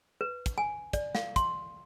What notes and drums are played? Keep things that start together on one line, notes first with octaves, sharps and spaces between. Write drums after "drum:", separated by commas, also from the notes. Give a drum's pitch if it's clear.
B4
drum: kick, hi-hat
G#5
D5, drum: kick, hi-hat
F5, drum: snare
C6, drum: kick, hi-hat